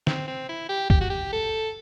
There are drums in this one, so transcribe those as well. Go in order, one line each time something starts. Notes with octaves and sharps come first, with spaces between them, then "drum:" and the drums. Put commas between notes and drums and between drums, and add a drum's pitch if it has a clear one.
C4, drum: snare
C4
E4
G4
G4, drum: kick
F#4
G4
A4